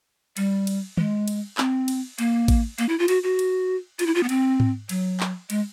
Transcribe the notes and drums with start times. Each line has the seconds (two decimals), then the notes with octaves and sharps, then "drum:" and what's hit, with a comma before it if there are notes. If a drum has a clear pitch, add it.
0.37 G3, drum: cymbal
0.67 drum: cymbal
0.97 G#3, drum: tom
1.28 drum: cymbal
1.58 C4, drum: clap
1.88 drum: cymbal
2.18 A#3, drum: cymbal
2.48 drum: kick A1, cymbal
2.78 A#3, drum: cymbal
2.89 E4
2.99 F4
3.08 F#4, drum: cymbal
3.23 F#4
3.39 drum: cymbal
3.99 F4, drum: cymbal
4.06 E4
4.15 F4
4.23 B3
4.29 C4, drum: cymbal
4.60 drum: tom G#2
4.89 F#3, drum: cymbal
5.20 drum: clap
5.50 G#3, drum: cymbal